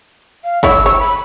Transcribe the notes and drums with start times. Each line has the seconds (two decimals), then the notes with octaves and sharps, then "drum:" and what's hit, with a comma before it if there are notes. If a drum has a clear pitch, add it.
0.44 F5
0.63 D3 E4 C#5 E6, drum: kick
0.86 C#5
0.99 B5